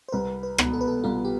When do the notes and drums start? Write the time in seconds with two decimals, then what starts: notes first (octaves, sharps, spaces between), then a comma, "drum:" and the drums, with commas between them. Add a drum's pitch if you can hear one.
0.09 C5
0.12 C2 B4
0.43 B4
0.58 B2 B3, drum: rim click
0.73 A4
0.81 B4
0.88 A4
1.04 C2 F4
1.25 G4